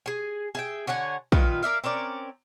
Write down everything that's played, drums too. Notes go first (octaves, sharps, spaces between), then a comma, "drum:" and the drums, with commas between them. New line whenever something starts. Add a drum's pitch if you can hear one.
G#4 G#5
G#4 E5 G5
D3 C#5 F#5 G#5
A#2 D#3 F4 B4, drum: kick
A#4 D5 E5 F5
C4 C#4 A#4 D5